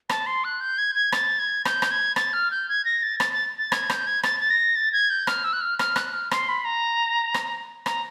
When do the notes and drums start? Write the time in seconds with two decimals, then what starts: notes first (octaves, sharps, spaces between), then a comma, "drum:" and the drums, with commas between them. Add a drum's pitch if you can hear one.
0.09 A5, drum: rim click
0.26 C6
0.44 F#6
0.61 G6
0.78 G#6
0.95 G#6
1.12 A6, drum: rim click
1.39 G#6
1.65 G6, drum: rim click
1.82 drum: rim click
1.91 G#6
2.16 A6, drum: rim click
2.33 F6
2.51 G6
2.69 G#6
2.85 A#6
3.03 A6
3.20 A6, drum: rim click
3.33 A6
3.58 A6
3.72 G#6, drum: rim click
3.90 G6, drum: rim click
4.07 G#6
4.23 A6, drum: rim click
4.40 A6
4.50 A#6
4.76 A6
4.92 G#6
5.10 G6
5.27 F6, drum: rim click
5.44 E6
5.53 F#6
5.61 F6
5.79 F6, drum: rim click
5.96 F#6, drum: rim click
6.14 F6
6.31 C6, drum: rim click
6.48 B5
6.65 A#5
7.34 drum: rim click
7.86 A#5, drum: rim click